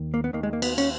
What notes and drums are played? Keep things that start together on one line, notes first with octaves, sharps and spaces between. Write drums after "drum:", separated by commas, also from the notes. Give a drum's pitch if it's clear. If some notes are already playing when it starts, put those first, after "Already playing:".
Already playing: D#2 D#3
A#3
B3
D#2 D#3 A#3
G#3
A#3
B3, drum: cymbal
C#4, drum: cymbal